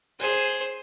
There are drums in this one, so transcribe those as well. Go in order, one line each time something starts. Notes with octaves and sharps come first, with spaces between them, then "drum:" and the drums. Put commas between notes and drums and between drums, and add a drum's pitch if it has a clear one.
G#4 C5, drum: hi-hat